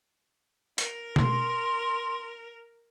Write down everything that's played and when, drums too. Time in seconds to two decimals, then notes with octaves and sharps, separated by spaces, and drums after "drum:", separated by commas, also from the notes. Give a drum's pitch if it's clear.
0.78 A#4, drum: hi-hat
1.16 C6, drum: tom B2